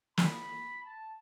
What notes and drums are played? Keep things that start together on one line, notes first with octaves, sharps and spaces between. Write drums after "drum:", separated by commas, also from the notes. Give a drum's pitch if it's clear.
B5, drum: snare
A5